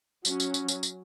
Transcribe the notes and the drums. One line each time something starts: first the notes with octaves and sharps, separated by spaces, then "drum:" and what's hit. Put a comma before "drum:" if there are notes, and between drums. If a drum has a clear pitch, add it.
F#3 C#4, drum: tambourine
drum: tambourine
drum: tambourine
drum: tambourine
drum: tambourine